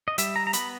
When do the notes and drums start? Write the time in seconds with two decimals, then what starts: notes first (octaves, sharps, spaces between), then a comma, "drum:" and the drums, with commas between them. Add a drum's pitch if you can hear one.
0.08 D#5
0.18 G3 E5, drum: hi-hat
0.36 A#5
0.47 A#5
0.53 B3 B5, drum: hi-hat